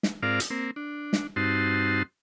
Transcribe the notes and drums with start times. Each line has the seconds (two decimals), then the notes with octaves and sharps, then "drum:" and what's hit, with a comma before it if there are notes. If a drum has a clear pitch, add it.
0.03 drum: snare
0.23 G#2 C4 F4 A#4 D5 F5
0.40 drum: hi-hat
0.50 A#3 C4
0.76 D4
1.13 drum: snare
1.36 G2 C4 D#4 F#4 A5 C6